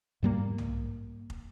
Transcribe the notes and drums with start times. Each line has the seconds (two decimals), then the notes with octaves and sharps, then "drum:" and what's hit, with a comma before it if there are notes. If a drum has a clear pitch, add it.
0.23 G#2 G3 A#3
0.58 drum: tom
1.30 drum: kick